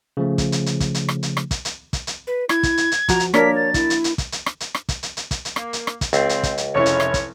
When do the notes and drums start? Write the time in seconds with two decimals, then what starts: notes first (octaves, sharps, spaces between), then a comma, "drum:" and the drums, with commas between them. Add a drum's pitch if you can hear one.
0.17 C#3 F3 A3
0.38 drum: kick, hi-hat
0.52 drum: hi-hat
0.66 drum: hi-hat
0.80 drum: kick, hi-hat
0.94 drum: hi-hat
1.09 drum: rim click
1.23 drum: hi-hat
1.37 drum: rim click
1.51 drum: kick, hi-hat
1.65 drum: hi-hat
1.93 drum: kick, hi-hat
2.07 drum: hi-hat
2.27 B4
2.49 E4 G#6, drum: rim click
2.63 drum: kick, hi-hat
2.77 drum: hi-hat
2.92 drum: hi-hat
3.09 F3 F#4 A#5, drum: kick, hi-hat
3.20 drum: hi-hat
3.34 A#3 D4 A#4 C#5 B6, drum: rim click
3.56 A6
3.74 E4, drum: kick, hi-hat
3.90 drum: hi-hat
4.04 drum: hi-hat
4.18 drum: kick, hi-hat
4.32 drum: hi-hat
4.46 drum: rim click
4.60 drum: hi-hat
4.75 drum: rim click
4.89 drum: kick, hi-hat
5.03 drum: hi-hat
5.17 drum: hi-hat
5.31 drum: kick, hi-hat
5.45 drum: hi-hat
5.56 A#3, drum: rim click
5.73 drum: hi-hat
5.87 drum: rim click
6.01 drum: kick, hi-hat
6.13 C#2 C4, drum: hi-hat
6.29 drum: hi-hat
6.43 drum: kick, hi-hat
6.57 drum: hi-hat
6.75 F1 C#4 E4 C#5
6.86 drum: hi-hat
7.00 drum: rim click
7.14 drum: kick, hi-hat